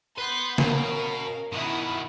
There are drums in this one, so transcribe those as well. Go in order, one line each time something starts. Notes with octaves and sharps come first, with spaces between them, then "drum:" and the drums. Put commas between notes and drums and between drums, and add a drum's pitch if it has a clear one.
B3 B4 C6 F#6 G6
B2 C#4 A#4 F5, drum: snare
B2 D#3 E4 F#5 D#6